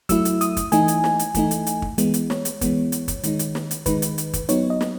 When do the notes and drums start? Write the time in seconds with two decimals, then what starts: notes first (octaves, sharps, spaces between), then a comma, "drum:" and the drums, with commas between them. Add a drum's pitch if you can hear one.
0.09 F#3 A3 E4 E6, drum: kick, hi-hat
0.25 drum: hi-hat
0.41 D#6, drum: hi-hat
0.57 drum: kick, hi-hat
0.72 E3 A3 D#4 G#5, drum: hi-hat
0.88 drum: hi-hat
1.04 drum: snare
1.19 drum: hi-hat
1.35 E3 A3 D#4, drum: kick, hi-hat
1.51 drum: hi-hat
1.67 drum: hi-hat
1.82 drum: kick
1.98 E3 G#3 B3, drum: hi-hat
2.14 drum: hi-hat
2.30 C#5, drum: snare
2.45 drum: hi-hat
2.61 E3 G#3 B3, drum: kick, hi-hat
2.92 drum: hi-hat
3.08 drum: kick, hi-hat
3.23 D#3 G#3 D#4, drum: hi-hat
3.39 drum: hi-hat
3.55 drum: snare
3.71 drum: hi-hat
3.86 D#3 G#3 D#4 B4, drum: kick, hi-hat
4.02 drum: hi-hat
4.18 drum: hi-hat
4.33 drum: kick, hi-hat
4.49 F#3 B3 D#4 C#5, drum: hi-hat
4.70 D#5
4.81 drum: snare